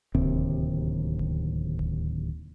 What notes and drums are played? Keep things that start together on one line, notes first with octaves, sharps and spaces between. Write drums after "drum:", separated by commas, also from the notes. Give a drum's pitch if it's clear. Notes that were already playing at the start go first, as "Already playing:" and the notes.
D1 D#2 C3 C4, drum: kick D1
drum: kick D1
drum: kick D1